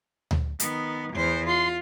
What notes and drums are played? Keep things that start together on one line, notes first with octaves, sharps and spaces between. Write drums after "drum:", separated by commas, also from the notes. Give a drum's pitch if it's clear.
drum: tom D2
D#3 B3, drum: hi-hat
E2 C5
F4 C6